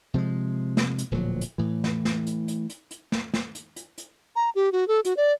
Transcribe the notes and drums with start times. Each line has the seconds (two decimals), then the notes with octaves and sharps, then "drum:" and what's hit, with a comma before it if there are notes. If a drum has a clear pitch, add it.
0.14 C3 F3 G3 G#3
0.77 drum: snare
0.98 drum: hi-hat
1.11 D1 A#2 F3 F#3
1.41 drum: hi-hat
1.58 A2 E3
1.84 drum: snare
2.05 drum: snare
2.27 drum: hi-hat
2.48 drum: hi-hat
2.69 drum: hi-hat
2.91 drum: hi-hat
3.12 drum: snare
3.34 drum: snare
3.55 drum: hi-hat
3.76 drum: hi-hat
3.98 drum: hi-hat
4.36 A#5
4.55 G4
4.72 F#4
4.88 A4
5.05 F#4, drum: hi-hat
5.17 D5